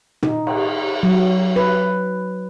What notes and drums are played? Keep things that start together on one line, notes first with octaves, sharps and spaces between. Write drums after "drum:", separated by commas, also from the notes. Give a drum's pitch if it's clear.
D#4, drum: tom
drum: cymbal
F#3
B4